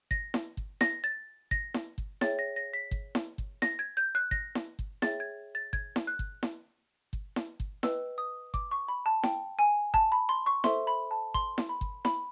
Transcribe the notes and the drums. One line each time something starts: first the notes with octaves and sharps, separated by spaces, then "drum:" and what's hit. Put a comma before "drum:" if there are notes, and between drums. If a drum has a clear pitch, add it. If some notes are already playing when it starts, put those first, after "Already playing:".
A#6, drum: kick G1
drum: snare E4
drum: kick G1
A#6, drum: snare E4
A6
A#6, drum: kick G1
drum: snare E4
drum: kick G1
G#4 C#5 E5 G5 A6, drum: snare E4
A#6
A#6
B6
drum: kick G1
drum: snare E4
drum: kick G1
A#6, drum: snare E4
G#6
G6
F#6
A#6, drum: kick G1
drum: snare E4
drum: kick G1
G#4 C#5 E5 G5 A6, drum: snare E4
G#6
A6
G#6, drum: kick G1
drum: snare E4
F#6
drum: kick G1
drum: snare E4
drum: kick G1
drum: snare E4
drum: kick G1
B4 D#5 G5 E6, drum: snare E4
D#6
D6, drum: kick G1
C#6
B5
A5
G5, drum: snare E4
G#5
A5, drum: kick G1
B5
C6
C#6
A4 C5 E5 C6, drum: snare E4
B5
A5
C6, drum: kick G1
drum: snare E4
B5
drum: kick G1
B5, drum: snare E4